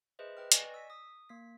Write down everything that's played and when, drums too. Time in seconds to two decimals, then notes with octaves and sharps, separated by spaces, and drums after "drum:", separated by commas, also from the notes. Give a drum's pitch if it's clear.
0.19 G#4 B4 C5 D#5 E5
0.37 B4 G5 F6
0.52 D5 D#5 G#5 C#6 A#6, drum: hi-hat
0.74 E6 B6
0.90 D#6
1.29 A#3 B6